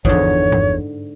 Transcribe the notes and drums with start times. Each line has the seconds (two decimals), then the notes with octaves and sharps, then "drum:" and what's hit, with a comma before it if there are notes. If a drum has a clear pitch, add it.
0.05 G1 E2 G#2 D3 F3 C#5, drum: kick
0.52 drum: tom G2